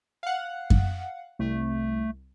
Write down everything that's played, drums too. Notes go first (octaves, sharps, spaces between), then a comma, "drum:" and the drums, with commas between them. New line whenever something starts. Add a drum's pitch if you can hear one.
F5 F#5
drum: kick F#2
C2 A3